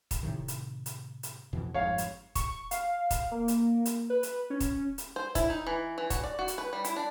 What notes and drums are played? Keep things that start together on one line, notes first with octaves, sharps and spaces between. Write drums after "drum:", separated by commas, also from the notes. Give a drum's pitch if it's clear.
drum: kick, hi-hat
A2 C3 D#3
drum: hi-hat
drum: hi-hat
drum: hi-hat
F2 B2 E3
G1 F2 G#2 C#5 F5
drum: hi-hat
C#6, drum: kick, hi-hat
F5, drum: hi-hat
drum: kick, hi-hat
A#3
drum: hi-hat
drum: hi-hat
B4
drum: hi-hat
C#4
drum: kick, hi-hat
drum: hi-hat
C5
E4, drum: kick, hi-hat
D#4
E3
E3
F#4, drum: kick, hi-hat
D5
F#4
drum: hi-hat
B4
G3
E4, drum: hi-hat
D4